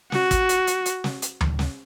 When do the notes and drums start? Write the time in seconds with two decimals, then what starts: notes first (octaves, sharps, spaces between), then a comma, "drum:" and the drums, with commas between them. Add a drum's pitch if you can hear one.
0.12 F#4, drum: snare
0.31 drum: kick, hi-hat
0.49 drum: hi-hat
0.67 drum: hi-hat
0.86 drum: hi-hat
1.04 drum: snare
1.22 drum: hi-hat
1.41 drum: tom D2
1.59 drum: snare